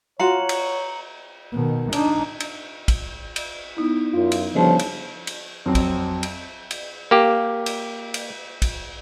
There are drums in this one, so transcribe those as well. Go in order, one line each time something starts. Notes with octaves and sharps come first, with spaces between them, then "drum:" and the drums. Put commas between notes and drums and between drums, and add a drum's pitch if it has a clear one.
F4 F#4 C#5 F5 A#5 C#7 F#7
drum: cymbal
B2 D#3
D4 D#4, drum: cymbal
drum: cymbal
drum: kick, cymbal
drum: cymbal
B3 D#4 E4
F#2 F4
drum: cymbal
G1 C#3 F3
drum: cymbal
drum: cymbal
F2 F#3 C4
drum: kick, cymbal
drum: cymbal
drum: cymbal
A#3 G4
drum: cymbal
drum: cymbal
drum: kick, cymbal